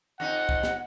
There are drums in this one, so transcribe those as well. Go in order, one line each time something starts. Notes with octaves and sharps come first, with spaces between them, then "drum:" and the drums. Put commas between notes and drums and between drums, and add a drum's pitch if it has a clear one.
F2 D#4 F#5
drum: kick C2
drum: snare